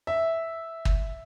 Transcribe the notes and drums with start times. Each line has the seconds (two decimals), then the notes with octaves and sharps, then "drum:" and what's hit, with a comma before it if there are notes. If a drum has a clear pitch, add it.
0.07 E5
0.85 drum: kick